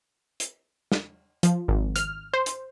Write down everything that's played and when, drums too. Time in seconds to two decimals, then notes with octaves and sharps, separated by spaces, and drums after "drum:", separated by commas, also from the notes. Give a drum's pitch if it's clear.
0.40 drum: hi-hat
0.92 drum: snare
1.43 F3, drum: hi-hat
1.68 G#1
1.96 F6, drum: hi-hat
2.34 C5
2.46 drum: hi-hat